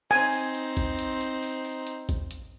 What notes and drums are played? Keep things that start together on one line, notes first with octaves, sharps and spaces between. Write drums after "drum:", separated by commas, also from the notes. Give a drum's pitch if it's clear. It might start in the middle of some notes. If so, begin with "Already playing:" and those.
C4 D#4 G#5, drum: open hi-hat
drum: open hi-hat
drum: hi-hat
drum: kick, hi-hat
drum: hi-hat
drum: hi-hat
drum: open hi-hat
drum: open hi-hat
drum: hi-hat
drum: kick, hi-hat
drum: hi-hat